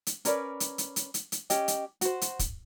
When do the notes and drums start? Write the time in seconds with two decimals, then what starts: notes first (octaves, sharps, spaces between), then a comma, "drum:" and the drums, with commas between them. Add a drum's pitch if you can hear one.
0.07 drum: hi-hat
0.25 C#4 A#4 B4 D5, drum: hi-hat
0.60 drum: hi-hat
0.78 drum: hi-hat
0.96 drum: hi-hat
1.14 drum: hi-hat
1.32 drum: hi-hat
1.50 C#4 G4 D#5 G5, drum: hi-hat
1.68 drum: hi-hat
2.01 F#4 C5, drum: hi-hat
2.21 drum: hi-hat
2.39 drum: kick, hi-hat